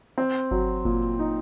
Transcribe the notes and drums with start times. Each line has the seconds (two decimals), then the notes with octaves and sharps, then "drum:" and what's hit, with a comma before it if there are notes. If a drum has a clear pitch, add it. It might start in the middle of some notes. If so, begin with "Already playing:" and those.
0.18 C4
0.51 F#3, drum: kick G1
0.85 A#2, drum: kick G1
1.19 D#4